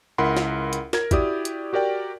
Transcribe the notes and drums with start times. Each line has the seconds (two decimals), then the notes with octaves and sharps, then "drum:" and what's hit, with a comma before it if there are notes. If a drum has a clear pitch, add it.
0.18 C#2 E4 A#4 F#5 B5 C6
0.36 drum: snare
0.73 drum: hi-hat
0.93 A#4 G#6, drum: snare
1.11 E4 F#4 G4 D5 D#6, drum: kick, hi-hat
1.45 drum: hi-hat
1.73 F#4 G4 A#4 D5 G5